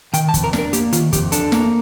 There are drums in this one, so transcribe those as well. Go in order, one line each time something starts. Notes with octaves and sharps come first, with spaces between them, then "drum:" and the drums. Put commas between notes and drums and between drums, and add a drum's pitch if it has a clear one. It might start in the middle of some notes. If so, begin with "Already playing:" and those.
D#3 G5, drum: hi-hat
A5
F2, drum: kick, hi-hat
A#4
D4, drum: snare
A#4
A#3 G4, drum: hi-hat
D#3 F4, drum: hi-hat
F2 G4, drum: kick, hi-hat
D4 A4, drum: hi-hat
A#3, drum: snare